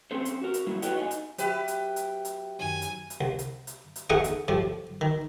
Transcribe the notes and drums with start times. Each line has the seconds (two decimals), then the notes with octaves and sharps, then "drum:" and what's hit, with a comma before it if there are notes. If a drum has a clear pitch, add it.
0.11 C4 C#4 A4 C5
0.25 drum: hi-hat
0.42 F#4 A#4
0.54 drum: hi-hat
0.66 F#3 G3 A#3 E4
0.82 F#4 A4 B4 C#5 D#5 G5, drum: hi-hat
0.96 D#4 D#5 G5 G#5
1.11 drum: hi-hat
1.38 F#3 F#4 G4 B4 E5, drum: hi-hat
1.68 drum: hi-hat
1.96 drum: hi-hat
2.25 drum: hi-hat
2.59 F#2 D#3 F#3 G#5
2.82 drum: hi-hat
3.10 drum: hi-hat
3.21 C2
3.39 drum: hi-hat
3.67 drum: hi-hat
3.96 drum: hi-hat
4.10 E2 A3 D#4 G#4 F#5 G5
4.24 drum: hi-hat
4.48 A2 F3 G3
5.01 D#3